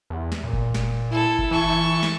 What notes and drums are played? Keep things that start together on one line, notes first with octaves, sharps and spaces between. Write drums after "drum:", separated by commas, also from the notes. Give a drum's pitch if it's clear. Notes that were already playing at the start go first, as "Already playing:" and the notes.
E2
drum: snare
A#2
drum: kick F#1
drum: snare
E4 A4
drum: kick F#1
E3 A4 C#6
drum: snare